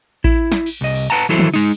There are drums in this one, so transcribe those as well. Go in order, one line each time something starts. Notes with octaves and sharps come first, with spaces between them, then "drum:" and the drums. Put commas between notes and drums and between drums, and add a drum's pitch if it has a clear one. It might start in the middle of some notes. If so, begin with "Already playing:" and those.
E4, drum: kick A1
drum: snare
drum: cymbal
C2 D#5
drum: cymbal
B4 F#5 A5 A#5
E3 F#3 E4 A4 C5
drum: tom
G#3 D#4, drum: cymbal